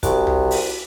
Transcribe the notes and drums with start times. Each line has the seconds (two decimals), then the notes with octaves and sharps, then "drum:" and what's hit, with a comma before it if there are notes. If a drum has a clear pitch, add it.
0.03 C2 F#4, drum: kick, hi-hat
0.27 drum: tom C2
0.51 drum: open hi-hat